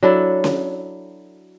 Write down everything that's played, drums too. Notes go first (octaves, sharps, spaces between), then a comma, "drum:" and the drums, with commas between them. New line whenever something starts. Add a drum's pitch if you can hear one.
F#3 D4 E4 A4
drum: snare C#4